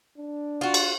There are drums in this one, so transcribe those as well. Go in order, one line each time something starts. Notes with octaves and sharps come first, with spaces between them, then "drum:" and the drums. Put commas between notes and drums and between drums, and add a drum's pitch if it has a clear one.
D4
F4 F#4
drum: cymbal